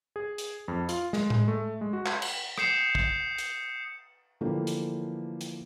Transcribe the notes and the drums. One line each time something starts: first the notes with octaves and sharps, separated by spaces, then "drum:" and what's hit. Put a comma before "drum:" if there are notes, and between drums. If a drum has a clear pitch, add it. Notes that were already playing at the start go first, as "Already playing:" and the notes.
G#4
drum: hi-hat
F2
F4, drum: hi-hat
G#3, drum: snare
drum: tom A2
A3
G#3
F#4
drum: clap
drum: cymbal
D#6 G6 C7 C#7 E7, drum: rim click
drum: kick
drum: hi-hat
D3 E3 F3 A3 A#3 G4
drum: hi-hat
drum: hi-hat